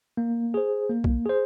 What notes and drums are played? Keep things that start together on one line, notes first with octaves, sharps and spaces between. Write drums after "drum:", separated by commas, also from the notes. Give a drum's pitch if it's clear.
A#3
G#4 C5
A#3
drum: kick B1
G#4 C5